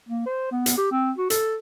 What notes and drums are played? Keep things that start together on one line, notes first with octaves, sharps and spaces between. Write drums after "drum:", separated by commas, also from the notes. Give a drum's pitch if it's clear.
A#3
C5
B3
drum: hi-hat
G4
C4
F#4
A4, drum: hi-hat